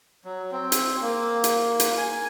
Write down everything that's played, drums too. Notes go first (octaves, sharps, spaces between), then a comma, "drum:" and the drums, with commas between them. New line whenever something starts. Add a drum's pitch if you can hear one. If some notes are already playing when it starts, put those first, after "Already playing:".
F#3
C4
drum: hi-hat
A#3
drum: hi-hat
drum: hi-hat
G#5